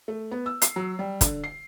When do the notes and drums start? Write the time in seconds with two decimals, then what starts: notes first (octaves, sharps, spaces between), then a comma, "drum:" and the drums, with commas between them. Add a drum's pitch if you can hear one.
0.08 A3
0.31 B3
0.46 E6
0.62 C7, drum: hi-hat
0.76 F#3
0.99 G3
1.21 D3, drum: kick, hi-hat
1.44 C7